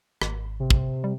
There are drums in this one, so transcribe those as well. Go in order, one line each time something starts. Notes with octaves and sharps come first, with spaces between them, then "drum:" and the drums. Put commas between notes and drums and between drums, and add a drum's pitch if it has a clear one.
G#1, drum: rim click
C3
drum: kick
G3